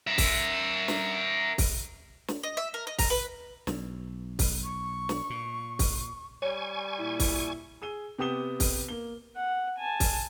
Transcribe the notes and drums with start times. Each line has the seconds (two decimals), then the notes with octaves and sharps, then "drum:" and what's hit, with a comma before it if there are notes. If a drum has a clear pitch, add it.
0.07 A#4 E5
0.18 drum: kick, open hi-hat
0.88 drum: snare
1.58 drum: kick, open hi-hat
2.28 drum: snare
2.43 D#5
2.57 E5
2.74 A#4
2.87 D#5
2.99 A#5, drum: kick, open hi-hat
3.10 B4
3.67 B1, drum: snare
4.39 drum: kick, open hi-hat
4.63 C#6
5.09 drum: snare
5.30 A#2
5.79 drum: kick, open hi-hat
6.42 G3 C#5 G#5 C#6
6.99 A#2 E4
7.20 drum: kick, open hi-hat
7.82 G#4 E6 D#7 G7
8.19 C3 B3 G4 D#6 E7 G7
8.60 drum: kick, open hi-hat
8.88 A#3 G7
9.36 F#5
9.79 G#5 A5
10.00 drum: kick, open hi-hat